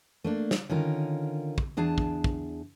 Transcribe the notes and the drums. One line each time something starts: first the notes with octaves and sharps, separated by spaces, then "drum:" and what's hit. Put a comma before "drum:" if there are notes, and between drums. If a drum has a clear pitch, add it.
A3 A#3 D4
drum: snare
D3 D#3 C#4 F4 A#4
drum: kick
E2 D4 G#4 A5
drum: kick
drum: kick